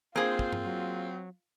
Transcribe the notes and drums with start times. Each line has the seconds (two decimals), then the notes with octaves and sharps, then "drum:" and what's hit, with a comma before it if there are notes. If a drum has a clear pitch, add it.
0.16 A#3 C4 F4 G#4 C5
0.39 drum: kick
0.53 drum: tom G2
0.64 F#3